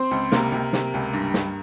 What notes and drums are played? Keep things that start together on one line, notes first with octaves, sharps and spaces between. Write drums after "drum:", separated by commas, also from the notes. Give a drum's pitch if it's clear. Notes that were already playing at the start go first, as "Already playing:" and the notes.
Already playing: C4 C5
C#2
C3 A#3 A#4, drum: snare
C3
C3, drum: snare
C#2
G2
G2, drum: snare